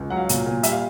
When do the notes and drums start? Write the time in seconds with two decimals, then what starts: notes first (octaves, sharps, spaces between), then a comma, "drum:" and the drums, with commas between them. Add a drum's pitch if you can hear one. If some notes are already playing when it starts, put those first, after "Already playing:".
Already playing: C#2
0.10 F#3 F#5
0.17 F5
0.29 A#2, drum: hi-hat
0.46 A#2
0.63 G3 E5, drum: hi-hat
0.72 F5